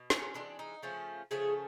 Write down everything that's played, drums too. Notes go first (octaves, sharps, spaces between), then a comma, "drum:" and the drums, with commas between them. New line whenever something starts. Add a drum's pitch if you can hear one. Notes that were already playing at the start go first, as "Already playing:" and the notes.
Already playing: B2
C#4, drum: snare
E3 G#3 C4 D4
D#4
C#3 F3 A3 C#4
C#3 F3 A3 C#4 G#4